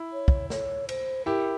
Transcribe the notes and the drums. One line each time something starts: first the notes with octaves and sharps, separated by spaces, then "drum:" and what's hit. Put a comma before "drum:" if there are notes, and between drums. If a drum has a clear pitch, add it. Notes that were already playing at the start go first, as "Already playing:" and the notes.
Already playing: E4
C#5
drum: kick
C#5, drum: snare
C5, drum: cymbal
E4 G4 A#4